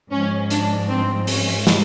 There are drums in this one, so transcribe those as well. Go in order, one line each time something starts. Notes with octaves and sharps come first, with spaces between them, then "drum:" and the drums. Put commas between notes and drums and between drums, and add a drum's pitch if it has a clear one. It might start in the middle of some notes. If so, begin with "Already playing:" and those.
G#2 F3 C#4
D4, drum: hi-hat
C4
C#4, drum: open hi-hat
drum: snare